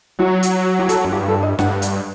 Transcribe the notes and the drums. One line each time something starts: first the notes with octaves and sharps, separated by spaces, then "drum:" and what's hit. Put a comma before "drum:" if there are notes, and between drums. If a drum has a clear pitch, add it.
F#3 F#4
drum: hi-hat
G4
A4, drum: hi-hat
F#2
G2 G4
A4
D#5
G2 F#5, drum: snare
drum: hi-hat